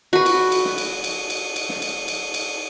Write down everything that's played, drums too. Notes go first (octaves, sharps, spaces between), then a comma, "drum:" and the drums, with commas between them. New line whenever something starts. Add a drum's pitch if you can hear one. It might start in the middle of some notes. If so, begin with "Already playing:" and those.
F#4 B4
drum: cymbal
drum: cymbal
drum: snare
drum: cymbal
drum: cymbal
drum: cymbal
drum: cymbal
drum: snare
drum: cymbal
drum: cymbal
drum: cymbal